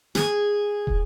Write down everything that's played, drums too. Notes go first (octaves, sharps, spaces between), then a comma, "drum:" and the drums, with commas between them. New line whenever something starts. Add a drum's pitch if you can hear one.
G#4, drum: snare
drum: kick